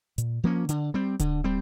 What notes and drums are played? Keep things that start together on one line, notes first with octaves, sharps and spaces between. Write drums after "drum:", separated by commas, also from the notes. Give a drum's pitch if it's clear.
A#2, drum: hi-hat
F3 A#3 C#4
D3, drum: hi-hat
G3 C4
D3, drum: kick D1, hi-hat
G3 C4